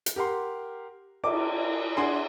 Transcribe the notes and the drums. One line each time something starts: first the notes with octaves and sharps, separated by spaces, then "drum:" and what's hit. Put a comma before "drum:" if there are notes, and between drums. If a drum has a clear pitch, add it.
drum: hi-hat
G4 A#4 F#5 C6
D6, drum: cymbal
D4 G#4 F#5 G#5 C6